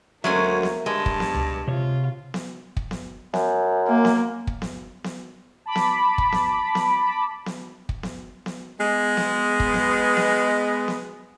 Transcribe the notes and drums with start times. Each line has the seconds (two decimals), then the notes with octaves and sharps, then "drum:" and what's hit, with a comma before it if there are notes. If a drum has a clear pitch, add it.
0.24 D2 F#3 G#3 A#3 C#4 E5
0.63 drum: snare B3
0.86 G2 G#3 A5
1.06 drum: kick
1.20 drum: snare B3
1.34 drum: tom C#2
1.68 C3 F4 C#5
2.34 drum: snare B3
2.77 drum: kick
2.91 drum: snare B3
3.34 F#2, drum: snare B3
3.88 A#3
4.05 drum: snare B3
4.47 drum: kick
4.62 drum: snare B3
5.04 drum: snare B3
5.66 A5 B5 D6
5.75 drum: snare B3
6.18 drum: kick
6.32 drum: snare B3
6.75 drum: snare B3
7.46 drum: snare B3
7.89 drum: kick
8.03 drum: snare B3
8.46 drum: snare B3
8.80 G#3 B3
9.17 drum: snare B3
9.60 drum: kick
9.74 drum: snare B3
10.17 drum: snare B3
10.88 drum: snare B3